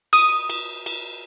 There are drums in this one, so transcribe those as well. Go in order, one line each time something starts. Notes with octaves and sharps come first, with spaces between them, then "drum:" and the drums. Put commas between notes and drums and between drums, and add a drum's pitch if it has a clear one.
D#6, drum: cymbal
drum: cymbal
drum: cymbal